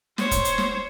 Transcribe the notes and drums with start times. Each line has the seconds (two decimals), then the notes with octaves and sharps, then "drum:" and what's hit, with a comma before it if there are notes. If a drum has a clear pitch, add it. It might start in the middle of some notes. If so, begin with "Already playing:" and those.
0.18 C5 C#5, drum: snare
0.31 drum: kick, hi-hat
0.45 drum: hi-hat
0.58 drum: snare